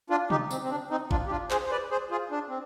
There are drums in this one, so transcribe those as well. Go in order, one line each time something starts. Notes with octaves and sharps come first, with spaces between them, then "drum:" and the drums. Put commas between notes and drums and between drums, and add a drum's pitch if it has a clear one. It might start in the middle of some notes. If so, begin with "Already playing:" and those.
D4 F4
D#4 G4, drum: tom C3
C4, drum: tambourine
C4
D4
C4 D#4
D4 F4, drum: kick G1
G4
D4 F4
G#4 C5, drum: clap
C5
B4 D5
G#4 C5
F4 G#4
D4
C4